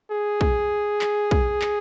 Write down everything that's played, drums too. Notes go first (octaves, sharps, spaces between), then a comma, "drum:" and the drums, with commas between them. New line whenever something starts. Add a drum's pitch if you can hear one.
G#4
drum: kick
drum: clap
drum: kick
drum: clap